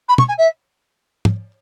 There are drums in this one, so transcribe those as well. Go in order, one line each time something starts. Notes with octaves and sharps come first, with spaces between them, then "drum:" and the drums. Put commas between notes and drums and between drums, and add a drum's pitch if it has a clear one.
B5
C#6, drum: tom
G#5
E5
drum: tom